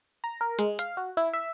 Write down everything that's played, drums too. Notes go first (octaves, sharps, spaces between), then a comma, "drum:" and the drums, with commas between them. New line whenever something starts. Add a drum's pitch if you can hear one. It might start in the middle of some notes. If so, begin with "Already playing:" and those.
A#5
A#4
G#3, drum: hi-hat
F5, drum: hi-hat
F#4
E4
E5